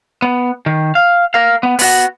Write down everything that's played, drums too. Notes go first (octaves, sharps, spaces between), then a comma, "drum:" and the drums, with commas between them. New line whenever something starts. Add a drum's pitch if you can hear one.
B3
D#3
F5
A#4 F5
B3
B3 F#4, drum: open hi-hat